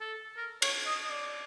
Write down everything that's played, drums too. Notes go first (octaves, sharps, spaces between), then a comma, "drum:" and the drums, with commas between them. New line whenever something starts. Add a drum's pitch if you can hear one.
A4
A#4
C#5, drum: cymbal
D#5
D#5
D5